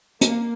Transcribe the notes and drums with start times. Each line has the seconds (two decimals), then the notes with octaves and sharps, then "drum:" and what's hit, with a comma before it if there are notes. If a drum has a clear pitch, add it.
0.21 A#3, drum: hi-hat